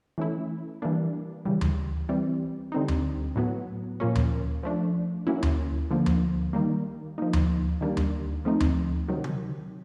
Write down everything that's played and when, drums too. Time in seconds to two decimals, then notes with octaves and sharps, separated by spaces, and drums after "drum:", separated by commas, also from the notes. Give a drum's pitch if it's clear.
0.18 E3 A3 C#4 E4
0.82 E3 G3 A#3 D4
1.45 C#3 E3 G3
1.61 drum: tom D2
2.09 E3 G3 C4
2.72 D3 G3 C4 D#4
2.88 drum: tom D2
3.36 A2 F#3 B3
4.00 A#2 F3 A#3 C#4
4.15 drum: tom D2
4.63 F3 A3 D4
5.27 F#3 A#3 C#4 E4
5.43 drum: tom D2
5.91 D3 F3 A#3
6.06 drum: tom D2
6.53 D#3 G3 A#3
7.18 F3 A#3 D#4
7.33 drum: tom D2
7.81 D#3 G3 A#3 D4
7.97 drum: tom D2
8.45 F3 A3 C4 D#4
8.60 drum: tom D2
9.08 C3 D#3 F#3
9.24 drum: tom C#3